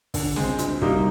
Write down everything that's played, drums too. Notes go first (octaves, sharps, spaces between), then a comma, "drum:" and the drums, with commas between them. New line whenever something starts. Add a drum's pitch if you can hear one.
D3, drum: kick, open hi-hat
G#3 C4, drum: snare
D2, drum: hi-hat
C3 G3 A#3 D#4, drum: kick